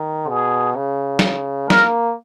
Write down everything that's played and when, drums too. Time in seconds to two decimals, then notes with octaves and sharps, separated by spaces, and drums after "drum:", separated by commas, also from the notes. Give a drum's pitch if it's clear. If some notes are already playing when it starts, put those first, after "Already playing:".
Already playing: D#3
0.28 B2 G#4
0.76 C#3
1.19 drum: snare
1.70 A#3 A#4, drum: snare